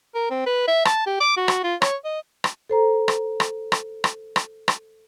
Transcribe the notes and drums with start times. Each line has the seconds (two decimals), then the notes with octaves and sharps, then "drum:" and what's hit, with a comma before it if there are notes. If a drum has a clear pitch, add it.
0.15 A#4
0.30 C4
0.46 B4
0.68 E5
0.85 A5, drum: rim click
1.07 G4
1.20 D6
1.37 F#4
1.48 drum: rim click
1.64 F4
1.82 C#5, drum: rim click
2.05 D#5
2.44 drum: rim click
2.70 A4 C5 A#5
3.08 drum: rim click
3.40 drum: rim click
3.72 drum: rim click
4.04 drum: rim click
4.36 drum: rim click
4.68 drum: rim click